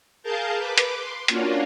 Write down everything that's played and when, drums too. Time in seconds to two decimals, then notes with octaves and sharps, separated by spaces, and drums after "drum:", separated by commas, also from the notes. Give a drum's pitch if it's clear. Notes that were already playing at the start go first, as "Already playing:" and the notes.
0.23 G#4 A#4 F5 A5 G6
0.57 B4 D6
0.78 drum: hi-hat
0.97 C6
1.28 A#3 C#4 D4 F4 F#4, drum: hi-hat